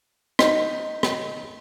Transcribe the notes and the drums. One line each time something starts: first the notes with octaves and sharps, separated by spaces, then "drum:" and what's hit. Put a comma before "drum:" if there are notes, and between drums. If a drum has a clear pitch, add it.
D#4, drum: rim click
drum: rim click